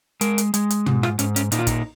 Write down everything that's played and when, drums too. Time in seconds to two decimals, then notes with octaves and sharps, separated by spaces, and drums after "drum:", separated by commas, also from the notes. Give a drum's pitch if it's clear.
0.21 G#3 A#4, drum: hi-hat
0.38 drum: hi-hat
0.54 G#3, drum: hi-hat
0.70 drum: hi-hat
0.86 G#2, drum: tom
1.03 F4, drum: rim click
1.19 G#2 C#4, drum: hi-hat
1.36 C#4, drum: hi-hat
1.52 A#2 D#4, drum: hi-hat
1.59 F4
1.67 D#4, drum: kick, hi-hat